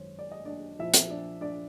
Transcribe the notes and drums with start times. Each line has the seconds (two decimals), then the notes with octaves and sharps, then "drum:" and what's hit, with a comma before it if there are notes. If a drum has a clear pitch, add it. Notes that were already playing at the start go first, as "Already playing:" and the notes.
Already playing: G#1 F#2 D#3 C5 C#5
0.19 D5
0.31 D#5
0.45 D4 D5
0.79 A#1 A#2 F3 E4 E5
0.94 drum: hi-hat
1.10 D4 D5
1.41 D4 D5